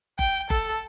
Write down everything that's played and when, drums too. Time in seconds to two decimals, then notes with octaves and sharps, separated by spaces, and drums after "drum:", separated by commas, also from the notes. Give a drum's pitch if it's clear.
0.19 G5, drum: kick F#1
0.50 A4, drum: kick F#1